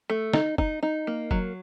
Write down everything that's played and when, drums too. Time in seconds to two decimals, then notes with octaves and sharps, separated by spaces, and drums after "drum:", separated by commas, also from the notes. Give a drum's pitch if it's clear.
0.10 A3
0.33 D#4, drum: snare
0.58 D#4, drum: kick F1
0.83 D#4
1.07 A#3
1.31 F#3, drum: kick F1